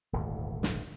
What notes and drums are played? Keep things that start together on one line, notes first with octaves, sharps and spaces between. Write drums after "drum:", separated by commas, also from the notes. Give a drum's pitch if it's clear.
D#1 G#1 D2 G#2
drum: snare